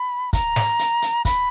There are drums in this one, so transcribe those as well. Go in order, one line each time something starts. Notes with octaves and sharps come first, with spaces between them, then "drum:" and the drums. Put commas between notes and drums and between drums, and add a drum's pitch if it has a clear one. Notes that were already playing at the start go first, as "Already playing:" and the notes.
Already playing: B5
A#5, drum: kick, hi-hat
drum: snare
drum: hi-hat
drum: hi-hat
B5, drum: kick, hi-hat